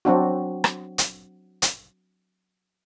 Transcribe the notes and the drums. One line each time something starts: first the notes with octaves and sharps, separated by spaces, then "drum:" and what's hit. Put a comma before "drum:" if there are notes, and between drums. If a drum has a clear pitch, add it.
F#3 C4 D4 F#4
drum: rim click
drum: hi-hat
drum: hi-hat